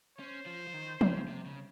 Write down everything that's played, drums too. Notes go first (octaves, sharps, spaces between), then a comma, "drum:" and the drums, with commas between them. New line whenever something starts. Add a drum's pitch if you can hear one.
C#4 C5
F3
F3
D#3
C#3, drum: tom
C3
C#3